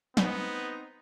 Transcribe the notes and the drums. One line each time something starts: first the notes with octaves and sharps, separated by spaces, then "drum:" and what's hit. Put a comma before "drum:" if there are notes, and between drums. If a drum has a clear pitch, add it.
B3 C4 D#4, drum: snare